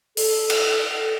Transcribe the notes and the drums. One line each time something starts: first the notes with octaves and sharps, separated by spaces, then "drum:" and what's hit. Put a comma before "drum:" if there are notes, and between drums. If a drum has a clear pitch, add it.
A4, drum: open hi-hat
drum: cymbal